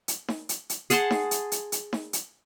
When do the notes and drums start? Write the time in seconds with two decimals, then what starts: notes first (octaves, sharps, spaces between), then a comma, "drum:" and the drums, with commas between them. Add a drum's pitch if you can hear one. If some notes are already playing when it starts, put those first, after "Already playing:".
0.08 drum: hi-hat
0.28 drum: snare D#4
0.49 drum: hi-hat
0.69 drum: hi-hat
0.90 G#4 F#5 A5 C6, drum: hi-hat
1.11 drum: snare D#4
1.31 drum: hi-hat
1.52 drum: hi-hat
1.72 drum: hi-hat
1.93 drum: snare D#4
2.13 drum: hi-hat